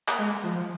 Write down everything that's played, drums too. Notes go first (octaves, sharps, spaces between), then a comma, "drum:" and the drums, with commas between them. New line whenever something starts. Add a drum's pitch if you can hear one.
A#3, drum: clap
G#3
F3